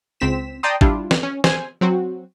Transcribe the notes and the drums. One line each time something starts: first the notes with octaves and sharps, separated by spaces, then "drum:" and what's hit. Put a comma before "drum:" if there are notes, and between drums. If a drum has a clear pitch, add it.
C#2 C4 B6 E7
D5 G5 A5 A#5 C6 D#6
G3 D4 E4 F4, drum: kick G#1
drum: snare
C#4
C5 G#5, drum: snare
F#3 C4 F#4